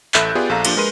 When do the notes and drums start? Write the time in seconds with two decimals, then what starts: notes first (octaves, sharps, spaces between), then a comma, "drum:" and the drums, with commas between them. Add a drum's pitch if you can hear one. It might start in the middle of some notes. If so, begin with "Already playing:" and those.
0.14 A1 A4 E5 B5 F#6 G6, drum: clap
0.35 B3 F4 G4 G#4 D5
0.49 A#1 A4 F5 A#5
0.65 F3 A#3 D4 F4 G4, drum: cymbal
0.77 G#3 A#4 B4 C6 D#7